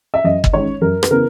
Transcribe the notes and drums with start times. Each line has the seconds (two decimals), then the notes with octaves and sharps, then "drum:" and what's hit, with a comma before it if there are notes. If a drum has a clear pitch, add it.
0.14 E5
0.24 F#2 D#5
0.44 drum: kick
0.53 D#3 G#3 C#4 C#5
0.81 F#2 A#4
1.03 B4, drum: rim click
1.11 C#3 E3 B3 A#4